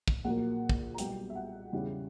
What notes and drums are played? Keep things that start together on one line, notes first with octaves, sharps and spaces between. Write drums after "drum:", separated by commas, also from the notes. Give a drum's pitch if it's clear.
drum: kick
A#1 A#2 F#3 A#3 F#5
drum: kick
A#5
B1 B2 G3 B3 G5, drum: hi-hat
E5
F#5
E2 C#3 G3 C#4 E4